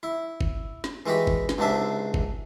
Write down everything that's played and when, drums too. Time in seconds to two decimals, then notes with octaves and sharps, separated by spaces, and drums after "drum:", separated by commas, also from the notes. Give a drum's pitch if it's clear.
0.03 E4
0.41 drum: kick
0.84 drum: snare
1.06 E3 G#3 F#4 G4 B5
1.27 drum: kick
1.49 drum: snare
1.58 C#2 G#2 C3 D4 E5
2.14 drum: kick